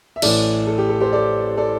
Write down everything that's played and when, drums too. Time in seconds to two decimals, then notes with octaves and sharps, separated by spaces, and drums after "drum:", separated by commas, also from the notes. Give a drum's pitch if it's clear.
0.16 E5
0.22 A1 A2 E3 A4 D5, drum: cymbal
0.67 A4
0.78 G4
0.89 A4
1.00 G4 C5
1.13 A4 D5
1.57 A4 D5